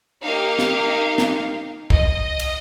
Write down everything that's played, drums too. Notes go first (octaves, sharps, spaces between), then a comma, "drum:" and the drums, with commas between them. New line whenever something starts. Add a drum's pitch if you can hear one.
A#3 D#4 G4 F5
drum: snare
drum: snare
D#5, drum: kick
drum: cymbal